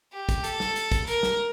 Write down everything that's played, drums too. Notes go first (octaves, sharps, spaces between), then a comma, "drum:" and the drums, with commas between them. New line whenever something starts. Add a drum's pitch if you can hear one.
G4
drum: kick, hi-hat
A4, drum: hi-hat
drum: snare
drum: hi-hat
drum: kick, hi-hat
A#4, drum: hi-hat
drum: snare